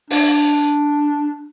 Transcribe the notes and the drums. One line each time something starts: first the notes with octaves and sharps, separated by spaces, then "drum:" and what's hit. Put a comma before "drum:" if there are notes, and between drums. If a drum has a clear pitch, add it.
D4, drum: open hi-hat